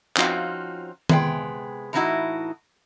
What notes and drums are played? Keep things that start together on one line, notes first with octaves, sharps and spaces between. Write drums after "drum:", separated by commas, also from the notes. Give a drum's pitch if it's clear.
F3 C4 C#4 D#4 F4 F#4, drum: clap
C3 G#3 B3 G#4 G5, drum: tom D#3
A2 E3 F#3 D#4 E4 F#4